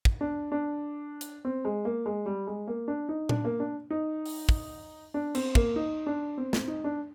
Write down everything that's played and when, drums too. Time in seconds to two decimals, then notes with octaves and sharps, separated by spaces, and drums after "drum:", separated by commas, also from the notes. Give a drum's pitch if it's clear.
0.05 drum: kick
0.21 D4
0.52 D4
1.21 drum: hi-hat
1.45 C4
1.65 G#3
1.85 A#3
2.06 G#3
2.26 G3
2.47 G#3
2.67 A#3
2.88 D4
3.09 D#4
3.29 D4, drum: tom A#2
3.45 A#3
3.60 D4
3.90 D#4
4.26 drum: open hi-hat
4.49 drum: kick
5.14 D4
5.35 C4, drum: cymbal
5.55 A#3, drum: kick
5.76 D#4
6.06 D4
6.37 C4
6.53 C4, drum: snare
6.68 D#4
6.84 D4